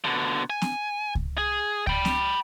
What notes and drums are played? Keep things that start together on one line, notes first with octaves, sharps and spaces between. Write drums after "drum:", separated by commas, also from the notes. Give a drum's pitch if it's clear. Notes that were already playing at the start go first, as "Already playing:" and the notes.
B2 D3
G#5
drum: snare
drum: kick C#2
G#4
G5 B5, drum: kick C#2
drum: snare